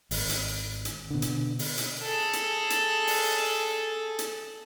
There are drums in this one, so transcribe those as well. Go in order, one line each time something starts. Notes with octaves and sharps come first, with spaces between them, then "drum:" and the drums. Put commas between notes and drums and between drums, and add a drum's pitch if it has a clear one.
G#1, drum: open hi-hat
drum: hi-hat
drum: hi-hat
B2 D3
drum: hi-hat
drum: open hi-hat
drum: hi-hat
G#4 A4
drum: hi-hat
drum: hi-hat
drum: open hi-hat
drum: hi-hat